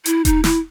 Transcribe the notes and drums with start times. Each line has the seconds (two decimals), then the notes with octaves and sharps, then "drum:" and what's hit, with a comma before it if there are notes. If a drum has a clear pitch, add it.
0.06 E4, drum: hi-hat
0.25 D#4, drum: kick E1, hi-hat
0.44 E4, drum: snare